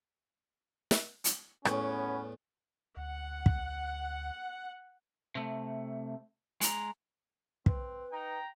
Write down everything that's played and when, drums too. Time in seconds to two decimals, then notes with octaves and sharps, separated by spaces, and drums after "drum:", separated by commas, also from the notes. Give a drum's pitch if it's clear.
0.91 drum: snare
1.24 drum: hi-hat
1.65 E2 A2 B3 C#4, drum: rim click
2.97 D2 F#5
3.46 drum: kick
5.35 C3 A3
6.61 G#3 A#5, drum: hi-hat
7.66 C4 B4, drum: kick
8.12 D#4 G5 A#5